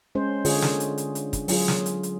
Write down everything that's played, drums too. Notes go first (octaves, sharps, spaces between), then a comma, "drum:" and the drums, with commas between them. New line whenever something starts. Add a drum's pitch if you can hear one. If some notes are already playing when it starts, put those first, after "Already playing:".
G#3 C#4 C5
D3 F4 G#4 C#5, drum: open hi-hat
drum: snare
drum: hi-hat
drum: hi-hat
drum: hi-hat
drum: kick, hi-hat
F#3 F4 G#4, drum: open hi-hat
drum: snare
drum: hi-hat
drum: hi-hat